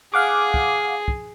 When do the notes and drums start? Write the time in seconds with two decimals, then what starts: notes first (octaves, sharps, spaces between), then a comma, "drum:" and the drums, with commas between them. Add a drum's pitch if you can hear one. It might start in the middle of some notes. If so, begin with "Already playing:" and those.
0.14 G#4 F5 F#5 D6
0.54 drum: kick
1.08 drum: kick